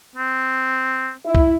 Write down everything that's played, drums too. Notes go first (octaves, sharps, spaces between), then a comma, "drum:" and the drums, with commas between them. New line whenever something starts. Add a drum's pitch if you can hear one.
C4
E4
drum: kick C2